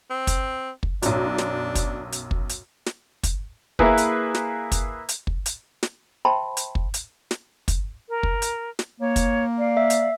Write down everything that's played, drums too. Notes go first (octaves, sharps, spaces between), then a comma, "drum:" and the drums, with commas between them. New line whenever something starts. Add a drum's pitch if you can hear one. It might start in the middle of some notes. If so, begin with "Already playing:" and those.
C4
drum: kick, hi-hat
drum: kick
B1 F#2 D4, drum: hi-hat
drum: snare
drum: kick, hi-hat
drum: hi-hat
drum: kick
drum: hi-hat
drum: snare
drum: kick, hi-hat
A#3 E4 G#4 B4, drum: kick
drum: hi-hat
drum: snare
drum: kick, hi-hat
drum: hi-hat
drum: kick
drum: hi-hat
drum: snare
C5 E5 G5 A5 B5 C6
drum: hi-hat
drum: kick
drum: hi-hat
drum: snare
drum: kick, hi-hat
A#4
drum: kick
drum: hi-hat
drum: snare
A#3 C#5
drum: kick, hi-hat
D5 F5
E5
drum: hi-hat